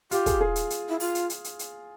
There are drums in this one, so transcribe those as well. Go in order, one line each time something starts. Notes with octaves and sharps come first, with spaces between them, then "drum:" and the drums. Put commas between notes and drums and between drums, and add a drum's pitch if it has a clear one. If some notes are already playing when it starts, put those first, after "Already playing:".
F4 G4, drum: hi-hat
G#4, drum: kick, hi-hat
G#4
drum: hi-hat
drum: hi-hat
E4
F4, drum: open hi-hat
drum: hi-hat
drum: hi-hat
drum: hi-hat
drum: hi-hat